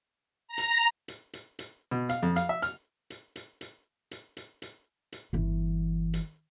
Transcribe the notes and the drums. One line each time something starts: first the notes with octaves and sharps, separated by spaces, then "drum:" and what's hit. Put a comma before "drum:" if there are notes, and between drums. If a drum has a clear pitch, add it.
A#5
drum: hi-hat
drum: hi-hat
drum: hi-hat
drum: hi-hat
B2
F5, drum: hi-hat
F2
F5, drum: hi-hat
E5
F6, drum: hi-hat
drum: hi-hat
drum: hi-hat
drum: hi-hat
drum: hi-hat
drum: hi-hat
drum: hi-hat
drum: hi-hat
G1 E3
drum: hi-hat